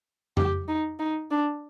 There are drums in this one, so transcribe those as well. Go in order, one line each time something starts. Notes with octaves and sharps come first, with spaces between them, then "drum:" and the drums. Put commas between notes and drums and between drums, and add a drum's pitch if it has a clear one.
G4, drum: tom F2
D#4
D#4
D4